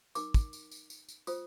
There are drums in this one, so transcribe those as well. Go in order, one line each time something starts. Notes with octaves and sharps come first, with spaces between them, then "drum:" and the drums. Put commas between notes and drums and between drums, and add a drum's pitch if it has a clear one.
D#4 A#4 D6, drum: tambourine
drum: kick, tambourine
drum: tambourine
drum: tambourine
drum: tambourine
drum: tambourine
F4 C5 D#6, drum: tambourine